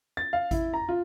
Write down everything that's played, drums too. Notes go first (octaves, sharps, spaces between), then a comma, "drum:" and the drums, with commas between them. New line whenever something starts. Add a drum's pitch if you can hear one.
A6
F5
E4, drum: kick G#1, hi-hat
A#5
F4